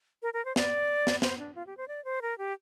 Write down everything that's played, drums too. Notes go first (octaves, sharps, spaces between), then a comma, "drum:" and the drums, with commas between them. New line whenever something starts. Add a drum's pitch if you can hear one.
A#4
A#4
C5
D5, drum: snare
drum: snare
C5, drum: snare
D4
F4
G4
C5
D5
C5
A#4
G4